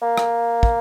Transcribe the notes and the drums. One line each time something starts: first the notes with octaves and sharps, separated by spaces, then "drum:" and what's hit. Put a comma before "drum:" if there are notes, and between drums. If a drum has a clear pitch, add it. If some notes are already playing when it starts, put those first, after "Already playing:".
A#3
drum: rim click
drum: kick